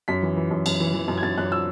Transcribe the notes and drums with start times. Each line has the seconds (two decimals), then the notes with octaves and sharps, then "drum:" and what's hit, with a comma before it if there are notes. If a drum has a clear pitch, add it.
0.08 F#2 B6
0.23 E3
0.37 E3
0.51 F#2
0.66 F#2, drum: cymbal
0.80 E3
0.94 E3
1.08 F#2
1.18 G#6
1.23 F#2 A6
1.38 F#2 F#6
1.52 E6